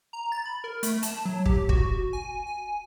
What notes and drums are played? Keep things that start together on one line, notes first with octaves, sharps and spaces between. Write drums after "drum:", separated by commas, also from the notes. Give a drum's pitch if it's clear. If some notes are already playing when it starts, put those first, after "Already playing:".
A#5
A6
B5
A#4
A3, drum: hi-hat
A5, drum: hi-hat
F#3
G4, drum: kick
F#4, drum: kick
G#5
G#5